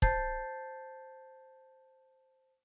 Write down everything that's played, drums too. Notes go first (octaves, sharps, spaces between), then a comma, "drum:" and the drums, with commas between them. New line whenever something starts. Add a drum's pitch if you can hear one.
C5 A5 G6 A6 C7, drum: kick